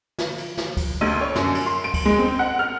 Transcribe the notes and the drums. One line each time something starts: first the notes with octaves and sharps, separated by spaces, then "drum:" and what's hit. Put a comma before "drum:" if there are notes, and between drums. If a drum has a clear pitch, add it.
drum: snare
drum: cymbal
drum: snare
drum: kick, cymbal
D2
C#5
F#2, drum: snare
drum: cymbal
C6
D7
drum: kick, cymbal
G#3
C4
F#5
F6